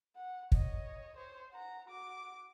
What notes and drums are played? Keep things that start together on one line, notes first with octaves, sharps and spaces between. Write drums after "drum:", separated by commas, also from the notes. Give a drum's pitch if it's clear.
F#5
C#5 D#5, drum: kick
C5 C#5
F#5 A#5
F#4 D6